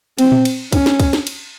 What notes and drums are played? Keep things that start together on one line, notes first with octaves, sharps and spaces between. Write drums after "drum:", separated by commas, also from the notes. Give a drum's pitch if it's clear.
C4, drum: cymbal
drum: tom A#2
drum: cymbal
C#4, drum: kick, cymbal
drum: snare
drum: kick, cymbal
drum: snare
drum: cymbal